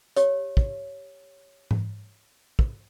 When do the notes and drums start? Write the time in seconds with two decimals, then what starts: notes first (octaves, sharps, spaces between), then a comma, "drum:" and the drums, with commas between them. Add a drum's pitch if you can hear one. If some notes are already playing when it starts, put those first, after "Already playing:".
0.16 G4 C#5, drum: hi-hat
0.57 drum: kick
1.71 drum: tom G#2
2.59 drum: kick